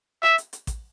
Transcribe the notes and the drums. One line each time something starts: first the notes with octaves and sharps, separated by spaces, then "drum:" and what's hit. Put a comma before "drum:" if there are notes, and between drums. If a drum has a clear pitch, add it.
E5, drum: rim click
drum: hi-hat
drum: hi-hat
drum: kick A1, hi-hat